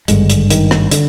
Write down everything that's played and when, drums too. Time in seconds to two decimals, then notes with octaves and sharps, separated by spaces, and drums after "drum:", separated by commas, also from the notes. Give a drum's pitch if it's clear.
0.08 G#1 G2 D3 G#3, drum: hi-hat
0.30 drum: hi-hat
0.50 D#3, drum: hi-hat
0.71 drum: rim click
0.92 D3, drum: hi-hat